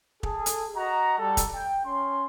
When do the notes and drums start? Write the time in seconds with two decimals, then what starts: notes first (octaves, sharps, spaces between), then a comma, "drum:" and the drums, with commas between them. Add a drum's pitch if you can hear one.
0.23 G#4 A4, drum: kick
0.46 drum: hi-hat
0.76 F#4 D#5 A#5
1.19 G3 A4
1.37 drum: kick, hi-hat
1.55 G5
1.86 C#4 C6